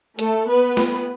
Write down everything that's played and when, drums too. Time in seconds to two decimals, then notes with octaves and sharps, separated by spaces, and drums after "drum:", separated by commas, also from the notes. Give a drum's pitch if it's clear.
0.19 A3 A4, drum: hi-hat
0.49 B3 B4
0.77 drum: snare